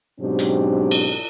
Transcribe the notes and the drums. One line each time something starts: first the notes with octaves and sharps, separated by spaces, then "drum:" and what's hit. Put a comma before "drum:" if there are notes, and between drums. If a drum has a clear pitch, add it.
G#2 B2 F#3 C4 D4 G4
drum: hi-hat
drum: cymbal